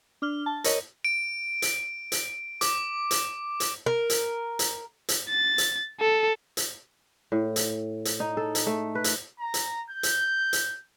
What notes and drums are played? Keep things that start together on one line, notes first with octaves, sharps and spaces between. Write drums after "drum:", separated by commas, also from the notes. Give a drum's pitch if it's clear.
D4 F6 G7
A5
A#4 C#5 D#5, drum: hi-hat
D7
drum: hi-hat
drum: hi-hat
D6, drum: hi-hat
drum: hi-hat
drum: hi-hat
A#4
drum: hi-hat
drum: hi-hat
drum: hi-hat
A6
drum: hi-hat
A4
drum: hi-hat
A2
drum: hi-hat
drum: hi-hat
D#4
A4
drum: hi-hat
A3
B4
drum: hi-hat
A#5
drum: hi-hat
G6
drum: hi-hat
drum: hi-hat